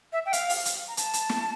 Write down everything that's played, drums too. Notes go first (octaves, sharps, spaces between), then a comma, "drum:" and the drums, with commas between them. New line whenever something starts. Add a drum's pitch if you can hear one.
E5
G5
F5, drum: hi-hat
drum: open hi-hat
drum: hi-hat
A#5
A5, drum: hi-hat
drum: hi-hat
drum: snare